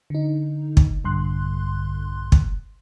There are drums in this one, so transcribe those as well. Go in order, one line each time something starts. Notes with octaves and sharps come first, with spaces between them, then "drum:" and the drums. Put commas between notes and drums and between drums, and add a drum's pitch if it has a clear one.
D3 D#4
drum: kick
A#1 G2 D3 C6 F#6
drum: kick